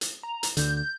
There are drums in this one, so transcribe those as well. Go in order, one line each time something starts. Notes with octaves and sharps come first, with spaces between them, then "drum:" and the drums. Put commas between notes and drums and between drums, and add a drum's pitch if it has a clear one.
drum: hi-hat
A#5
drum: hi-hat
D2 D3 G6, drum: hi-hat
G6